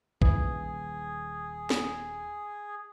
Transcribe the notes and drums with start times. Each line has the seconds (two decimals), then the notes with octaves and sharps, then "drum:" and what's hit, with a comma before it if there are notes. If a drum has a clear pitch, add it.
0.22 D#1 E3 G#4, drum: kick
1.70 drum: snare